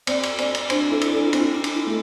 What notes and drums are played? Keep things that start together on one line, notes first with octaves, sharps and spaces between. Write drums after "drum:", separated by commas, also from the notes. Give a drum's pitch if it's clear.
C4 D5, drum: cymbal
drum: cymbal
C4 D5, drum: cymbal
drum: cymbal
D4 C5, drum: cymbal
D4
E4 A4
drum: cymbal
D4 A4
F4
C4 E4, drum: cymbal
D4
drum: cymbal
E4
A3